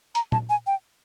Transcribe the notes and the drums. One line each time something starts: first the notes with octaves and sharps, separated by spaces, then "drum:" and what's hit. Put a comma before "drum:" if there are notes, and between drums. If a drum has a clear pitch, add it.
A#5, drum: hi-hat
A5, drum: tom
G#5
G5